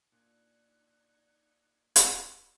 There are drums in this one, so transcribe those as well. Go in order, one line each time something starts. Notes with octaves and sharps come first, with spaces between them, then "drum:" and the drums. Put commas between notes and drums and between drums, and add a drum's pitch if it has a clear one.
A#2 D4 D#4 F#6 G#6 C#7
drum: hi-hat